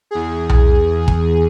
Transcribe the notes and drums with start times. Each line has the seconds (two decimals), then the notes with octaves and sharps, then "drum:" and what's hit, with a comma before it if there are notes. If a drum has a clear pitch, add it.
0.11 E2 G#4
0.49 drum: tom B1
1.08 drum: kick